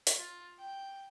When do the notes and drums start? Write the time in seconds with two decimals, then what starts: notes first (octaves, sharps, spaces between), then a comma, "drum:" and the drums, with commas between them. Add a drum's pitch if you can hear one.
0.07 drum: hi-hat
0.18 F4
0.59 G5